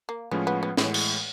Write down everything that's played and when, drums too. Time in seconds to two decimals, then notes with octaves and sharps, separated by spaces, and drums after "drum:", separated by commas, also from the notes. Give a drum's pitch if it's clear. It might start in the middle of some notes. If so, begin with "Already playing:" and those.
0.09 A#3
0.31 A2 F3 G#3 B3 C#4 F4
0.47 B3
0.63 B3
0.77 A2 E3 G#3 B3, drum: snare
0.94 drum: cymbal